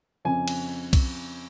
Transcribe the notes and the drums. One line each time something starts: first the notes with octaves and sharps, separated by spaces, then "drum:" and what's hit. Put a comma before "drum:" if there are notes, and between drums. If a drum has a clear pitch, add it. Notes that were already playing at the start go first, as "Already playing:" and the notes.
F2 C#3 G#5
drum: cymbal
drum: kick B1, cymbal